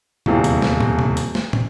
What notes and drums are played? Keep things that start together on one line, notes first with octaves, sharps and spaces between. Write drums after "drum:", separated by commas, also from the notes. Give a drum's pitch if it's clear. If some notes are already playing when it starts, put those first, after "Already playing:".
D#1 E2 C3 F4, drum: tom B2
drum: hi-hat
drum: snare
drum: tom
drum: tom B2
drum: hi-hat
drum: snare
drum: tom